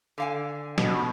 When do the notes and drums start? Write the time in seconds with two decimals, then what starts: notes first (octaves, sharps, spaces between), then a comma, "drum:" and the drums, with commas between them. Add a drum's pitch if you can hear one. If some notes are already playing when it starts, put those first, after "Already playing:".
0.18 D3 F5 G#5
0.78 B2 G3, drum: snare